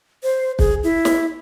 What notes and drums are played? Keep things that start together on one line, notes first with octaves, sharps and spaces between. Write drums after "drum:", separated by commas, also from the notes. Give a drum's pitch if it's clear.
C5
G#4, drum: kick
E4
drum: snare